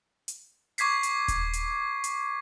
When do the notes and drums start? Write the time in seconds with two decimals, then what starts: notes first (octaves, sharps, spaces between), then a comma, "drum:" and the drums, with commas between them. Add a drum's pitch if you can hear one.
0.28 drum: hi-hat
0.78 C#6 D6 G#6 B6 C7, drum: hi-hat
1.03 drum: hi-hat
1.28 drum: kick D#1, hi-hat
1.53 drum: hi-hat
2.04 drum: hi-hat